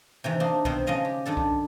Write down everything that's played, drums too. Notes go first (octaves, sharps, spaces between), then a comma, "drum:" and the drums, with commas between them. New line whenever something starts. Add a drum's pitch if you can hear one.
C3 D#3 E3
A#3 D4 D#4 C5
B2 D#3 C4 C5, drum: kick B1
C#3 F3 G#3 D#5 F5
G4
G2 D#3 D4 A4
drum: kick B1